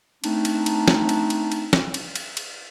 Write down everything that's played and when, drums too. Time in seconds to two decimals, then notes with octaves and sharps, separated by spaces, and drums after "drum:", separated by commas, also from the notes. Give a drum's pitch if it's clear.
0.24 A3 C4 D4 D#4, drum: cymbal
0.45 drum: cymbal
0.66 drum: cymbal
0.88 drum: snare
1.09 drum: cymbal
1.30 drum: cymbal
1.52 drum: cymbal
1.73 drum: snare
1.94 drum: cymbal
2.16 drum: cymbal
2.37 drum: cymbal